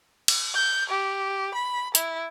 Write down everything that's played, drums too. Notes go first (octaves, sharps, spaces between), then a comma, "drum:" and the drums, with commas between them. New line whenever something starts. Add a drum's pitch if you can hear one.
drum: cymbal
G6
G4
B5
E4, drum: hi-hat